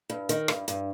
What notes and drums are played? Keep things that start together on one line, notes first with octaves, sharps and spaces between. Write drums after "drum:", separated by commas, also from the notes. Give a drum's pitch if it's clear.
G2
D#3, drum: hi-hat
G2, drum: rim click
G2, drum: hi-hat